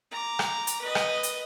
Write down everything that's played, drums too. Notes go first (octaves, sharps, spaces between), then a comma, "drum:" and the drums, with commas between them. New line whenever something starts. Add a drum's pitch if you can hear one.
A#5 D6
drum: rim click
drum: hi-hat
B4 D#5
drum: rim click
drum: hi-hat